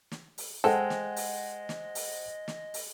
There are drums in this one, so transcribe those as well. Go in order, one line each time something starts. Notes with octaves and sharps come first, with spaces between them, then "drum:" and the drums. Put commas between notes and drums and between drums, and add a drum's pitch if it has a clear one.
drum: snare
drum: open hi-hat
G#3 A4 C5 D#5 F#5 G5
drum: snare
drum: open hi-hat
drum: snare
drum: open hi-hat
drum: snare
drum: open hi-hat